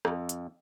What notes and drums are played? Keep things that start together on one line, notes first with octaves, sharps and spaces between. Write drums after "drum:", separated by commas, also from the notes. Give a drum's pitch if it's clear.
F2, drum: rim click
drum: hi-hat